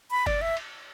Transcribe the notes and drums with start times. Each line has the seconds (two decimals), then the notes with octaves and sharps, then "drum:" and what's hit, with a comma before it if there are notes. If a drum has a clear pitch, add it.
0.11 B5
0.26 D5, drum: kick F#1, cymbal
0.41 E5
0.57 drum: cymbal